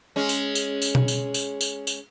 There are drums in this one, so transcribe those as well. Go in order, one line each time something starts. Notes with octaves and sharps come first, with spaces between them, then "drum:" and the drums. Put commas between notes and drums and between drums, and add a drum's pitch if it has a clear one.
G#3 C#4
drum: tambourine
drum: tambourine
drum: tambourine
drum: tom B2
drum: tambourine
drum: tambourine
drum: tambourine
drum: tambourine